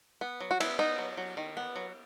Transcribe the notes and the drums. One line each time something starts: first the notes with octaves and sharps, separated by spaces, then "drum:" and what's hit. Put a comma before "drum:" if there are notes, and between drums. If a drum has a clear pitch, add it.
B3
F#3
F#4
B3 E4, drum: cymbal
B3 D#4
F#3
F#3
D#3
B3
F#3